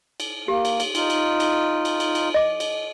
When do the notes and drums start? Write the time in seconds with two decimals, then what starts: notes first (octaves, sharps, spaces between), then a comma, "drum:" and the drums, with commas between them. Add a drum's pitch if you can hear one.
0.20 drum: cymbal
0.48 A#3 G4
0.65 drum: cymbal
0.80 drum: cymbal
0.95 D#4 F4, drum: cymbal
1.10 drum: cymbal
1.40 drum: cymbal
1.85 drum: cymbal
2.00 drum: cymbal
2.15 drum: cymbal
2.34 D#5 D6
2.60 drum: cymbal